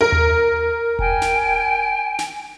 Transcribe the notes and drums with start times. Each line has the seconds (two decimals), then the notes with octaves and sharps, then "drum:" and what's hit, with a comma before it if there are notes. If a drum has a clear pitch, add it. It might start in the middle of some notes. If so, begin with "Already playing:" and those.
0.01 A#4
0.12 drum: tom D#2
0.99 G5 G#5, drum: kick E1
1.22 drum: snare
2.19 drum: snare